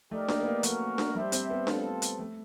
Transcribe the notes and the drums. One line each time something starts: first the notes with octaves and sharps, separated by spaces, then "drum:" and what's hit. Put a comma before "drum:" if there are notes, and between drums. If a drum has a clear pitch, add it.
A3 D#4 G4 A#4 D5
A#3, drum: snare D4
B3
A#3
A3 C#4 F#4 A#4, drum: hi-hat
drum: snare D4
G3 D4 G4 C5 E5
C4, drum: hi-hat
B3
A3 C4 F4 A4, drum: snare D4
drum: hi-hat
A3